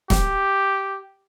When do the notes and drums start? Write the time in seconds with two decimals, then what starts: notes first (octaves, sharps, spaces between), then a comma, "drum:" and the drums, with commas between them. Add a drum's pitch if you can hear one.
0.10 G4, drum: snare